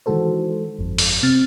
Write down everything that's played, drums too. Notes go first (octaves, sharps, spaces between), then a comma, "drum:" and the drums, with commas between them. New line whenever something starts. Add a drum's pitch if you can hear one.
D#3 E3 G#3 F#4 A4 C5
G1 F2
drum: open hi-hat
C3 C4 F6 A6